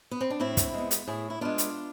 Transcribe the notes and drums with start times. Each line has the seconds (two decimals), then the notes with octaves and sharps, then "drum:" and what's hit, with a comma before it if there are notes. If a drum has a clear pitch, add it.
0.11 B3
0.21 C4
0.30 D4
0.40 A2 C4 E4
0.57 drum: kick, hi-hat
0.74 G#3 B3
0.91 drum: hi-hat
1.07 A2 E4 G#4
1.30 E4
1.41 G#3 B3 D4 F4
1.58 drum: hi-hat